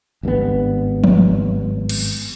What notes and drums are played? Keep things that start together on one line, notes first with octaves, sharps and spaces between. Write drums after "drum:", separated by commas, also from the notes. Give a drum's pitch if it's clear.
G#1 G2 D3 B3
drum: tom F3
drum: cymbal